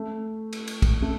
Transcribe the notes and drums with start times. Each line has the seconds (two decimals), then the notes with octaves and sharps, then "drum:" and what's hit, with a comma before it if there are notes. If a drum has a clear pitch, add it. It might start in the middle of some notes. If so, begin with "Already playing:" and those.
Already playing: A3
0.53 drum: cymbal
0.68 drum: cymbal
0.82 drum: kick, cymbal
1.02 A3